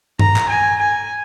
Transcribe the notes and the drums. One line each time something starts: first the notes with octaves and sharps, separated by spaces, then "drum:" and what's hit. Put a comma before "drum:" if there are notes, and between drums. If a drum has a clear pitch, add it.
A#5, drum: tom G2
drum: clap
G#5
G#5